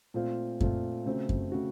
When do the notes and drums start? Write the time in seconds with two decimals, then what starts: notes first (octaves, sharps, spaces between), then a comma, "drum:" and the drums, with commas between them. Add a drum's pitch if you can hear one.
0.14 A#2 A3 C4 F4
0.61 A#2 A3 C4 F4, drum: kick F#2
1.06 C#3 A3 C4 F#4
1.29 drum: kick F#2
1.52 C#3 A3 C4 F#4